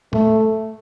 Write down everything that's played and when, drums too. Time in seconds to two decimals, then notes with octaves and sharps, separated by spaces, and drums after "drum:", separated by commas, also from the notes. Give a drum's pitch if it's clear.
0.13 A3, drum: tom